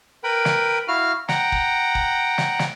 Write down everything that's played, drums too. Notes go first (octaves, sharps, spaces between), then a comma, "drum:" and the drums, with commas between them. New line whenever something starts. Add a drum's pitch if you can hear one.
A#4 B4 G5 B5
drum: snare
E4 F#4 F5 F6
F#5 G5 A#5, drum: snare
drum: kick
drum: kick
drum: snare
drum: snare